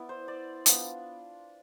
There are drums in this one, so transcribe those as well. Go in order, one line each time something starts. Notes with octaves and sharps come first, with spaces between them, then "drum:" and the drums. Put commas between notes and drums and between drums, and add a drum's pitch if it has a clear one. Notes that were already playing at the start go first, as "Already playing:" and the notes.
Already playing: B3 E4 D5
C5
D5
B3 D4 F4, drum: hi-hat